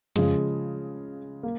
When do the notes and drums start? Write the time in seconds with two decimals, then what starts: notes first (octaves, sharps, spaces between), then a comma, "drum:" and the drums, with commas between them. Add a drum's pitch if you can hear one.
0.16 C#3 F3 G#3, drum: tom
0.48 drum: hi-hat
1.43 A#3